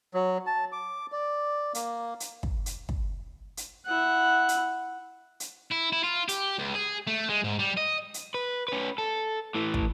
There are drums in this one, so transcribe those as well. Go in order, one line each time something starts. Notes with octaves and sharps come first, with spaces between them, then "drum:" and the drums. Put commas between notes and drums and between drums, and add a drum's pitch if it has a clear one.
F#3
A5
D6
D5
A#3, drum: hi-hat
drum: hi-hat
drum: kick
drum: hi-hat
drum: kick
drum: hi-hat
E4 F#5
drum: hi-hat
drum: hi-hat
E4
E4
F4
G4, drum: hi-hat
C#2
G#4
A3
G#3
G#2
G3
D#5
drum: hi-hat
B4
C#4 B4
A4
A2 E3
drum: kick